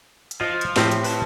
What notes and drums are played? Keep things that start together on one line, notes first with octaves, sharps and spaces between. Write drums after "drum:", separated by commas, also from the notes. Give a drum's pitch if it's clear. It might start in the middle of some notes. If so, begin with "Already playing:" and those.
drum: hi-hat
F3 F4 D#5
drum: hi-hat
A2 C4 G4, drum: snare
drum: hi-hat
B4 A5, drum: open hi-hat